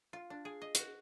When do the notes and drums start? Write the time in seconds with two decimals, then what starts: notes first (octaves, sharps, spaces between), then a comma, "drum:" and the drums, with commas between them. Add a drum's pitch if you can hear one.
0.13 F4
0.30 D4
0.45 G#4
0.62 D#5
0.75 F#4, drum: hi-hat